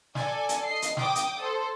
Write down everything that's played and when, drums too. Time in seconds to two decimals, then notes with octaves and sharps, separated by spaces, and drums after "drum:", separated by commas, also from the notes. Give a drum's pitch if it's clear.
0.15 A4 D5 G#5, drum: snare
0.49 drum: hi-hat
0.66 D#5 C7
0.82 drum: hi-hat
0.97 G5 D6 D#6, drum: snare
1.15 drum: hi-hat
1.40 A4 C5